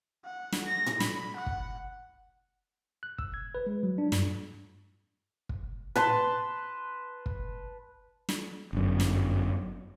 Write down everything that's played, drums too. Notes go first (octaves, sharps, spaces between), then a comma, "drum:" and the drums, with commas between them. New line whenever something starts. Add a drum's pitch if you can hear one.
F#5
drum: snare
A#6
drum: tom A2
B5, drum: snare
F#5
drum: kick
F#6
E6, drum: kick
G#6
B4
G#3
F#3
D4
G2, drum: snare
drum: kick
B4 A5 C6, drum: tom A2
drum: kick
drum: snare
G1 F#2
drum: snare